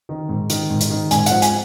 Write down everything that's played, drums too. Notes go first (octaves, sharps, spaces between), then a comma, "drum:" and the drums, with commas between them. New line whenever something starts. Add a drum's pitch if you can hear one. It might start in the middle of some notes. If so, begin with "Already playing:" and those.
D#3
G#2
D#3, drum: hi-hat
G#2
drum: hi-hat
D#3
G#2 G#5, drum: hi-hat
F3 F#5, drum: hi-hat
G#5, drum: hi-hat